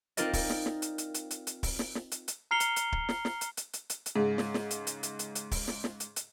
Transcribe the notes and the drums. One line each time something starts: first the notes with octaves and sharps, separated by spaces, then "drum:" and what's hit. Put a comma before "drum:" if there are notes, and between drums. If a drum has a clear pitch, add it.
C4 D#4 F4 A#4 D5 D#5, drum: hi-hat
drum: kick, open hi-hat
drum: snare
drum: snare
drum: hi-hat
drum: hi-hat
drum: hi-hat
drum: hi-hat
drum: hi-hat
drum: kick, open hi-hat
drum: snare
drum: snare
drum: hi-hat
drum: hi-hat
A#5 F6 C7 C#7 F7 G7
drum: hi-hat
drum: hi-hat
drum: kick
drum: snare
drum: snare
drum: hi-hat
drum: hi-hat
drum: hi-hat
drum: hi-hat
drum: hi-hat
G#2 C#3
drum: snare
drum: snare
drum: hi-hat
drum: hi-hat
drum: hi-hat
drum: hi-hat
drum: hi-hat
drum: kick, open hi-hat
drum: snare
drum: snare
drum: hi-hat
drum: hi-hat